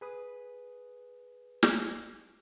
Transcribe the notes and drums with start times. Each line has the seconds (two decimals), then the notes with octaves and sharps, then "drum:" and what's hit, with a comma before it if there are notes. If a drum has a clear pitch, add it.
0.01 G#4 B4 D#6
1.63 drum: snare